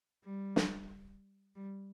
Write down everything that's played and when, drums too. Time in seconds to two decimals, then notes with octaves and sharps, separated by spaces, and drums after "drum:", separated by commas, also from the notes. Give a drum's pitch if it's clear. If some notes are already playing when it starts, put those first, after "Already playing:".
0.24 G3
0.56 drum: snare
1.55 G3